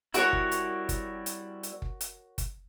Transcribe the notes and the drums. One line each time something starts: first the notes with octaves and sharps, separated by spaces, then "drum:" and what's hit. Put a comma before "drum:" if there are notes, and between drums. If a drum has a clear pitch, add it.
G3 C4 E4 F#4 A#4 C#5, drum: hi-hat
drum: kick
drum: hi-hat
drum: kick, hi-hat
drum: hi-hat
drum: hi-hat
drum: kick
drum: hi-hat
drum: kick, hi-hat